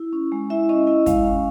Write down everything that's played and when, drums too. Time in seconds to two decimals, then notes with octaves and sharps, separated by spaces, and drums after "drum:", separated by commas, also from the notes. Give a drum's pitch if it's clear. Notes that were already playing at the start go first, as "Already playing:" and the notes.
Already playing: E4
0.13 C#4
0.32 G#3
0.50 E4 E5
0.69 C#4 D#5
0.87 E4 D#5
1.06 G#3 F5, drum: kick, hi-hat
1.25 C#4